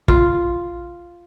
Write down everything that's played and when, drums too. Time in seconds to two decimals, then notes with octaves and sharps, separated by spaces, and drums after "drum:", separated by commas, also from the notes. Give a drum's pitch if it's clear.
0.08 F4, drum: kick